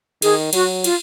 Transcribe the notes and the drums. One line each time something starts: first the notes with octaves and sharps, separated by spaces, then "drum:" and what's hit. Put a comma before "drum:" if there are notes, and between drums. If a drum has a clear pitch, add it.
D#3 G#4, drum: cymbal
F#3 F#4, drum: cymbal
F4, drum: cymbal